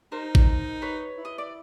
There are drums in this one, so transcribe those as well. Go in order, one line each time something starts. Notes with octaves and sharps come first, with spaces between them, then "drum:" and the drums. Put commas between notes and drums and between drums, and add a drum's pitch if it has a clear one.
D#4 A#4 C5
drum: kick A1
B4 C#5
E4
D#5
D5